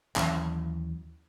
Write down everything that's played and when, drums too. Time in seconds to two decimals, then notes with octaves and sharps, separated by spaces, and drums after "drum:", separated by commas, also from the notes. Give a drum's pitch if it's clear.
0.16 D#2 E3 F#3 C#4, drum: clap